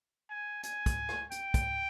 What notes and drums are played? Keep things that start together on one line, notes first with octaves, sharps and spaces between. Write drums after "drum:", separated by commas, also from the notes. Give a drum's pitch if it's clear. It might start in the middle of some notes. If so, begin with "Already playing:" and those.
G#5
G#5, drum: hi-hat
drum: kick, hi-hat
drum: rim click
G5, drum: hi-hat
drum: kick, hi-hat